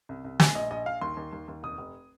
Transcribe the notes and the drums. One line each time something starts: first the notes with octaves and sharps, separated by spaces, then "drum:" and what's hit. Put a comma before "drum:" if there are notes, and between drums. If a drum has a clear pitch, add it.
C2
C2
A#1 G#5, drum: snare
A#1 D#5
A#1 D#5
A#1 F5
D#2 C6
D#2
D#2
D#2
F1 D#6
F1